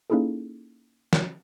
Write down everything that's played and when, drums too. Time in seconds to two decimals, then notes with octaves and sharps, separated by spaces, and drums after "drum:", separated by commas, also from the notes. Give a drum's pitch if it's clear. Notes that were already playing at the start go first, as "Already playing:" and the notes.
0.10 A#3 C#4 D#4 E4 G#4 A4
1.13 drum: snare